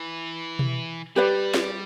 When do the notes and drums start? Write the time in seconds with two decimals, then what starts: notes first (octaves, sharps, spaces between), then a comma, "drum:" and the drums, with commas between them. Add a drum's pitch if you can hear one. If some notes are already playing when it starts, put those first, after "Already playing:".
Already playing: E3
0.59 drum: tom B2
1.16 G3 G4 B4 D5
1.54 drum: snare